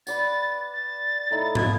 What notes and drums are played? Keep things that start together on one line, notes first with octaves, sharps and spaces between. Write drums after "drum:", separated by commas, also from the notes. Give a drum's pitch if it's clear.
B4 D5 F#5 A6, drum: tambourine
A6
A2 D#4 E4
B2 F5 G#6, drum: tom G#2